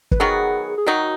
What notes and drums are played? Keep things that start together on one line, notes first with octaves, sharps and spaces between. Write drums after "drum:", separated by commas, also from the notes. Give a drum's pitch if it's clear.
B4, drum: kick
D#3 F#3 B3 F#4 G#4
G#4
D#3 F#3 D#4 F#4